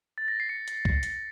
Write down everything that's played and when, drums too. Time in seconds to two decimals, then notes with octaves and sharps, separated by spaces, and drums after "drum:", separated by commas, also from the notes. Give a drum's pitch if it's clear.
0.18 A6
0.28 A#6
0.40 C7
0.49 C#7
0.68 drum: hi-hat
0.85 drum: kick C2
1.03 drum: hi-hat